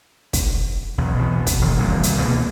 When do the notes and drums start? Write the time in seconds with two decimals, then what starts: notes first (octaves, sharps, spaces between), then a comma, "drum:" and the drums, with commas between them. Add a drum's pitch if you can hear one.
0.33 drum: kick, hi-hat
0.98 B1 E2
1.18 B2 E3 G#3 B3
1.47 drum: kick, hi-hat
1.61 E1 D#2
1.77 E1 C2 A#2 D#3
2.03 drum: hi-hat
2.22 C#2 B2 A#3